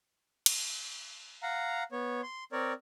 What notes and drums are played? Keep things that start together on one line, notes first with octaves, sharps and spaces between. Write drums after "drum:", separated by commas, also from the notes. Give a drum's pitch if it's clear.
drum: cymbal
F5 F#5 A#5
B3 C#5
C6
C4 A#4 C#5 D5